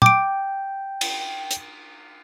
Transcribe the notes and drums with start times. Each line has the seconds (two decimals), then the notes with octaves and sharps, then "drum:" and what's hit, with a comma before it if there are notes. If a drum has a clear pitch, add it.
0.02 G5 D6 D7, drum: tom
1.01 drum: cymbal
1.51 drum: hi-hat